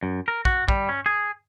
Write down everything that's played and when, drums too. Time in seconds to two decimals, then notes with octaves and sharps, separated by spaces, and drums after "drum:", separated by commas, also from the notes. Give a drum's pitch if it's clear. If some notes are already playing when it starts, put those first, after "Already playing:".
0.03 F#2
0.28 A#4
0.45 F#4, drum: kick
0.68 G3, drum: kick
0.89 C#4
1.06 G#4